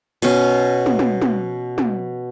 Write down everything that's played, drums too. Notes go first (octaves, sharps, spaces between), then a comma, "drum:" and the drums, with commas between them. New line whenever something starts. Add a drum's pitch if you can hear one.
B2 C#4, drum: cymbal
drum: tom
drum: tom
drum: tom
drum: tom